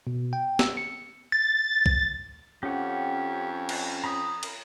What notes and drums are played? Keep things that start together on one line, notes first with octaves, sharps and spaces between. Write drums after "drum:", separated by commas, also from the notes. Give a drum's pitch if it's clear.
B2
G5
E6, drum: snare
C#7
A6
drum: kick
F2 C#4 G4 F#5
drum: cymbal
A#5 B5 D#6
drum: cymbal